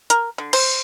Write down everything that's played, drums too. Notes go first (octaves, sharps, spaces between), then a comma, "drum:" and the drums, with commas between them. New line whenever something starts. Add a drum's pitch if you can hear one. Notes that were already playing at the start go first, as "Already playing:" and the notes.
A#4, drum: hi-hat
D3
C5, drum: cymbal